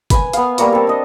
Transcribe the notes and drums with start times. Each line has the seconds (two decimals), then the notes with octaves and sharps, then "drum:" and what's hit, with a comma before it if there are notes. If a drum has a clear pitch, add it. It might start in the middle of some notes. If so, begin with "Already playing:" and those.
0.10 B4 G#5, drum: kick, hi-hat
0.33 B3 F5, drum: hi-hat
0.58 G3 A#3 A#4 C#5, drum: hi-hat
0.72 C4 A4
0.87 D4 D#5